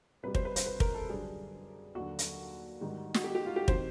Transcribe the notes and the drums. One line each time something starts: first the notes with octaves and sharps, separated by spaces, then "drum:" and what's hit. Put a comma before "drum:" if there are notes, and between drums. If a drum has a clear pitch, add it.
C2 B2 G3 B4
C5, drum: kick
B4
C5, drum: hi-hat
B4
A#4, drum: kick
A4
F#2 D3 G3 G#4
D#2 D3 F#3 F#4
drum: hi-hat
G#2 D#3 G3
F#4, drum: snare
G4
G4
F4
G4
C3 D#3 F#3 C5, drum: kick